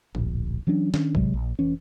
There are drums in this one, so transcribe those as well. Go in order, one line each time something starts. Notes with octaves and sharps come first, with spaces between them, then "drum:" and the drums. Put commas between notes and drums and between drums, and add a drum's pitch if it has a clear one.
D1 A#1, drum: tom G#2
E3 F#3 C#4 D4
D#3 C#4 D4, drum: snare
G#1 C3 F#3 G#3, drum: kick
A#1
F1 E3 C#4